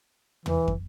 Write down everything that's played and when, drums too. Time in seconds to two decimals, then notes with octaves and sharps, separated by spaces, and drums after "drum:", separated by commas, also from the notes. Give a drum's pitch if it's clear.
0.46 E3, drum: tom
0.68 drum: kick